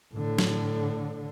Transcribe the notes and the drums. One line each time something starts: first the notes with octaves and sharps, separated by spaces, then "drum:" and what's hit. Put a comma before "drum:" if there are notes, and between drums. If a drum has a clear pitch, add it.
A2 D3
drum: snare